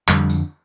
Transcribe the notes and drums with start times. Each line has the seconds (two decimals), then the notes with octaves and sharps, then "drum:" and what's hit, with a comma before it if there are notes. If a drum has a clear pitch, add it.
0.08 F2 D3 G3, drum: clap
0.30 drum: tambourine